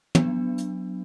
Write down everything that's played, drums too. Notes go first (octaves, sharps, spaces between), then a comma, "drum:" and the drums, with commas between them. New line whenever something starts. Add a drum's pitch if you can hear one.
F#3 B3 D4, drum: tom
drum: hi-hat